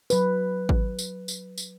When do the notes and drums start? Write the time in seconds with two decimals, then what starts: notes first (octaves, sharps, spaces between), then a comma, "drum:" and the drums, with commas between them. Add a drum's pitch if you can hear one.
0.10 F#3 B4, drum: tambourine
0.69 drum: kick G#1
0.99 drum: tambourine
1.28 drum: tambourine
1.58 drum: tambourine